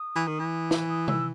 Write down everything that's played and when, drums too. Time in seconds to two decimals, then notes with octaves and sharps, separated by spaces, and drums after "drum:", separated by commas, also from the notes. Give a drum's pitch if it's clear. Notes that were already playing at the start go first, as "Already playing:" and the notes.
Already playing: D#6
0.16 E3
0.28 D#3
0.40 E3
0.71 drum: snare
0.89 D#6
1.08 E6, drum: tom C3